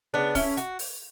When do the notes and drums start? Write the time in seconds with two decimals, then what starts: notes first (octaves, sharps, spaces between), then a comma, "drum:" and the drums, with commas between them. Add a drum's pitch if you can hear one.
0.14 C#3 B3 D4
0.35 A3 C#4 E4, drum: kick C#1, open hi-hat
0.57 F#4, drum: hi-hat
0.79 drum: open hi-hat